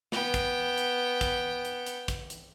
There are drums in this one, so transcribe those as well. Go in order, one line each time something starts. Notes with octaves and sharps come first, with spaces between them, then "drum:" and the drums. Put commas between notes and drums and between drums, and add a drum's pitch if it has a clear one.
B3 G5, drum: snare
drum: kick, hi-hat
drum: hi-hat
drum: kick, hi-hat
drum: hi-hat
drum: hi-hat
drum: kick, hi-hat
drum: hi-hat